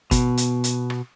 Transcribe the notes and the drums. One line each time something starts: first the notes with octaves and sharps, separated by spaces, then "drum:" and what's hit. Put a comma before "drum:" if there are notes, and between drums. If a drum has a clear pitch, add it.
B2, drum: kick, hi-hat
drum: hi-hat
drum: hi-hat
drum: rim click